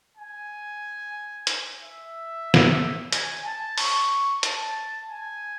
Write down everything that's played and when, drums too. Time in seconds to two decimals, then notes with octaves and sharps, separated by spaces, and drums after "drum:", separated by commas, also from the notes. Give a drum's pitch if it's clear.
0.17 G#5
1.47 drum: hi-hat
1.81 E5
2.54 drum: snare
3.13 G#5, drum: hi-hat
3.45 A5
3.78 C#6, drum: open hi-hat
4.43 A5, drum: hi-hat
5.09 G#5